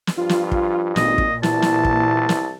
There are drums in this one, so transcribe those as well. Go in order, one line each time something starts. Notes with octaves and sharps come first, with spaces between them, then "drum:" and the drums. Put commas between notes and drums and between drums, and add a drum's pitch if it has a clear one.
drum: snare
G2 F3 F4
drum: snare
drum: kick
G#1 A#2 D#5, drum: snare
drum: kick
C2 E3 A5, drum: snare
drum: snare
drum: kick
drum: snare